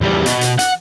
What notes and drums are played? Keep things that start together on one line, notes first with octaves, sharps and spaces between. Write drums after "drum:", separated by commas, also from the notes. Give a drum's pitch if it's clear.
E2 G3
B2, drum: hi-hat
drum: hi-hat
F#5, drum: hi-hat